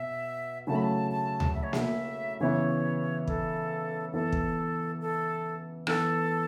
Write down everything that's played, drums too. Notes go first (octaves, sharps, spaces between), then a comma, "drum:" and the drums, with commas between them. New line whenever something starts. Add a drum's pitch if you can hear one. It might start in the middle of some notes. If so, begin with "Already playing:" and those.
Already playing: B2 E5
C#3 F#3 A3 E4 A5
B5
A5
A5
drum: tom D2
E5
C#5
E5, drum: snare A#3
C#3 E3 B3 E4 C#5
A4, drum: kick
E3 B3 E4 A4
drum: kick
A4
E3 B3 E4 A4, drum: rim click